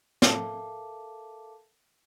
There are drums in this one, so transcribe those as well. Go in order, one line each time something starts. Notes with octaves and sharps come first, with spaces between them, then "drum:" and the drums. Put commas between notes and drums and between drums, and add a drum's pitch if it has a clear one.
A4 A#4 E5 F5 A5 D6, drum: snare